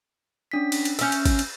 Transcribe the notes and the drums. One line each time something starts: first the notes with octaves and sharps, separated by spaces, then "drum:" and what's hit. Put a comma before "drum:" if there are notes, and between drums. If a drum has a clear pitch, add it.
C#4 D4 B6
drum: cymbal
drum: cymbal
C#4 E5 E6 G6, drum: cymbal
drum: cymbal
drum: kick G#1, cymbal
drum: cymbal